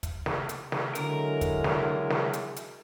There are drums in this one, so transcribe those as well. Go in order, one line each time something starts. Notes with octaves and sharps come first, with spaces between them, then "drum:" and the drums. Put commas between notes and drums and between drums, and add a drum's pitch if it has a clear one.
drum: kick, hi-hat
drum: snare
drum: hi-hat
drum: snare
D3 F#3 G#3 E4 A#4, drum: hi-hat
drum: kick, hi-hat
drum: snare
drum: snare
drum: hi-hat
drum: hi-hat